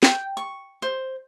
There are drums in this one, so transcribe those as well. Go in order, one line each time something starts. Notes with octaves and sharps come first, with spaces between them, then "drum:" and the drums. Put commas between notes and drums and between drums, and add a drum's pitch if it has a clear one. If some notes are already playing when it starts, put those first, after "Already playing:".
G5, drum: snare
C#6
C5